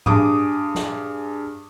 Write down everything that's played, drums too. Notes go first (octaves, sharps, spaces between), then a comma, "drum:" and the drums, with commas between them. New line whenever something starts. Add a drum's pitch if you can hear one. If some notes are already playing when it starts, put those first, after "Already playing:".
G2 G#4 D6 D#6, drum: tom G#2
drum: snare